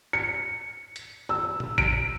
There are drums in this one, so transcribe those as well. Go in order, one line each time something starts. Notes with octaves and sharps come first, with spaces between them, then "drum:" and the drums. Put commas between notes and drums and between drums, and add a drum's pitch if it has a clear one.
C#7
drum: hi-hat
E6
drum: tom A#2
D7, drum: kick A1